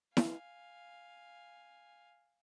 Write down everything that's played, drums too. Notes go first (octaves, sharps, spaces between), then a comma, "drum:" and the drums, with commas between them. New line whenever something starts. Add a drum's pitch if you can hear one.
F5 G#5, drum: snare E4